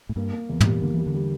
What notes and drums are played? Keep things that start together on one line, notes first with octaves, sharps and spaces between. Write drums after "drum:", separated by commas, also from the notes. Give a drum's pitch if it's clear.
A2
G2 A#3
A#3
E2
A#2, drum: tom
G3
D3 A#3
E3 G3
D3
G3